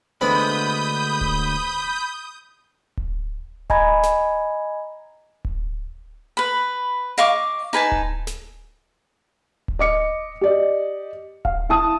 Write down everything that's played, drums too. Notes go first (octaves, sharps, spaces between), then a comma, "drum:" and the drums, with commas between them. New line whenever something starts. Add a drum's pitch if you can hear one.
D2 D3 G#3 B3 C4 B5 D#6 G6
drum: kick D1
drum: kick D1
D#5 G#5 A#5 B5 G#6, drum: kick D1
drum: snare
drum: kick D1
B4 B5
D#5 F5 C#6 D6
D#4 B4 G#5 A5
drum: kick D1
drum: snare
drum: kick D1
D#5 D6 C#7
G4 D5 D#5
F5, drum: kick D1
E4 A5 D#6